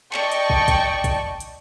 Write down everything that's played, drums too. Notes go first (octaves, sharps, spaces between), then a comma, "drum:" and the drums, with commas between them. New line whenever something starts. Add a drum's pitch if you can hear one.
D5 D#5 G5 A5 C#6, drum: clap
drum: hi-hat
drum: kick
drum: kick, hi-hat
drum: kick, hi-hat
drum: hi-hat